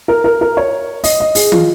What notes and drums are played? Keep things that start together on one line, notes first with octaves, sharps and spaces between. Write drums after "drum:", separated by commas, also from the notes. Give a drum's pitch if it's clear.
A#4
A#4
A#4
C#5
D#5, drum: open hi-hat
D#5
G#4, drum: open hi-hat
F4, drum: tom